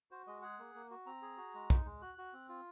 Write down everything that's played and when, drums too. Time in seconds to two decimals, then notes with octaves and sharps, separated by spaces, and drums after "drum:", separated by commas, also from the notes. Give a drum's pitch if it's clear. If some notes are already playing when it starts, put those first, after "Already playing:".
0.11 F#4 C5
0.27 G#3 D#5
0.42 G#4 F#5
0.59 A#3
0.75 A#3
0.91 F#4
1.06 C4 A#5
1.22 G#4
1.37 F#4
1.54 G#3
1.70 D#4, drum: kick
1.85 G#3
2.02 F#4 F#6
2.18 F#4
2.33 C4
2.49 F4